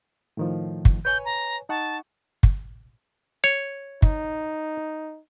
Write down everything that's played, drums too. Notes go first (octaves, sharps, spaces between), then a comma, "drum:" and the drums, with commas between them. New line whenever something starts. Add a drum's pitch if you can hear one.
A2 D#3 F3
drum: kick
B4 C#5 G#5 G6
A#5
D#4 F#5 A5 C#6
drum: kick
C#5
D#4, drum: kick